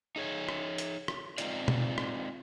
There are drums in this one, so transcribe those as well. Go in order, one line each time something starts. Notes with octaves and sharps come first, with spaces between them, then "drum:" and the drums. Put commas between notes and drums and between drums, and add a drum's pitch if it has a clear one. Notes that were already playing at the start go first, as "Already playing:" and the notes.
D#4 G#4 C#5
drum: rim click
drum: hi-hat
drum: rim click
G#3 C4 D#4 F4 D5, drum: hi-hat
drum: tom B2
drum: rim click